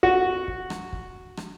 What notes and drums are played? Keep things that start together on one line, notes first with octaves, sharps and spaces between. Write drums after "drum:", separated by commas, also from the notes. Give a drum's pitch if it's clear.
F#4, drum: kick
drum: kick
drum: rim click
drum: kick
drum: rim click